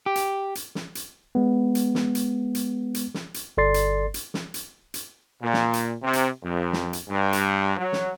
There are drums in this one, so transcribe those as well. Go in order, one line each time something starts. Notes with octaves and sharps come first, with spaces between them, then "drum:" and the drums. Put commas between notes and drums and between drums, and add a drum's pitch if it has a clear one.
G4
drum: hi-hat
drum: hi-hat
drum: snare
drum: hi-hat
G#3 B3
drum: hi-hat
drum: snare
drum: hi-hat
drum: hi-hat
drum: hi-hat
drum: snare
drum: hi-hat
G1 A4 D5 C6 A6 C7
drum: hi-hat
drum: hi-hat
drum: snare
drum: hi-hat
drum: hi-hat
A#2
drum: snare
drum: hi-hat
C3
drum: hi-hat
F2
drum: snare
drum: hi-hat
G2
drum: hi-hat
F#3
drum: snare